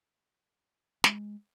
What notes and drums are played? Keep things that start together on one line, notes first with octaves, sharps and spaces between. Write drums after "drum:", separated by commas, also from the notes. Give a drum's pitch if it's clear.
G#3, drum: snare